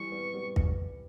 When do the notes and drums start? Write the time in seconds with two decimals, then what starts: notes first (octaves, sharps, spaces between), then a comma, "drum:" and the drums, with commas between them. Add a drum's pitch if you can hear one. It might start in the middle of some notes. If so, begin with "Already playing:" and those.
Already playing: E3 G3 C#6
0.12 G3 B3
0.34 G3 B3
0.56 drum: kick